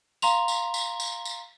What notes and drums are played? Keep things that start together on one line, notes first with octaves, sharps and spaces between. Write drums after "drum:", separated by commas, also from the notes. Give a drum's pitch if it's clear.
F5 A#5 C6 F7, drum: tambourine
drum: tambourine
drum: tambourine
drum: tambourine
drum: tambourine